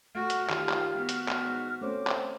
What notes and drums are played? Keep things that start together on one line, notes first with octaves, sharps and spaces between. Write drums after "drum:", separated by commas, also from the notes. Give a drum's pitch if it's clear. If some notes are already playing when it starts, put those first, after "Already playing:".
A3 F#4 F6
drum: hi-hat
D#3 F4 G4, drum: clap
drum: clap
B3 F#4
drum: hi-hat
drum: clap
G#2
A3 C4 C#4 C5 D6
drum: clap